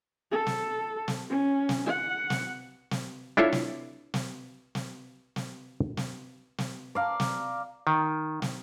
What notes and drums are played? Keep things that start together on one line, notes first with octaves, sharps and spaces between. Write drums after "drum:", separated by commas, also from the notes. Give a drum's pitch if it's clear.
A4
drum: snare
drum: snare
C#4
drum: snare
F#5
drum: snare
drum: snare
D4 E4 F4 A4 C#5 E5
drum: snare
drum: snare
drum: snare
drum: snare
drum: snare
drum: snare
D5 F5 A#5
drum: snare
D#3
drum: snare